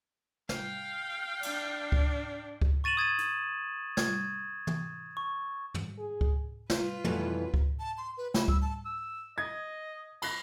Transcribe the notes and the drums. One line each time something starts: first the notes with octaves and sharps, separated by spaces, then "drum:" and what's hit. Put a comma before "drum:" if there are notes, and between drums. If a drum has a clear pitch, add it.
F5 G5, drum: snare
D4, drum: cymbal
drum: kick C#2
drum: kick C#2
C#6 A6 D#7 E7 F#7
D#6 G#6 A6 D#7
drum: hi-hat
G#6, drum: snare
drum: tom
C#6
drum: tom
G#4
drum: kick C#2
F4 B4, drum: snare
F2 B2 E3 F#3 G3 A3, drum: tom
drum: kick C#2
A5
C6
B4
B5, drum: snare
E6, drum: kick C#2
A5
E6
D#5 G#6
B5 F#6 A#6, drum: cymbal